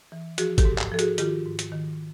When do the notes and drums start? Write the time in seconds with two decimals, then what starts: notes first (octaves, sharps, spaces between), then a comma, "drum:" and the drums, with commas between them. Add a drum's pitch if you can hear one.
0.12 E3
0.38 F3 F#4 G#4, drum: hi-hat
0.58 G4 A4, drum: kick, hi-hat
0.65 G#2
0.78 drum: clap
0.92 F3 A4
0.99 F#4 G#4, drum: hi-hat
1.18 D#3 F4 G4, drum: hi-hat
1.46 G#2
1.59 drum: hi-hat
1.72 D#3